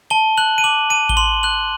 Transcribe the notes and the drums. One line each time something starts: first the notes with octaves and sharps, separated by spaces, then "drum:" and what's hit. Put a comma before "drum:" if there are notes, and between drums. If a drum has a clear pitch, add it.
A5 G7
F#6 F#7
D#7
D6 F#7
A5 D#7
G7, drum: kick A1
C6 F#7
F#6 F#7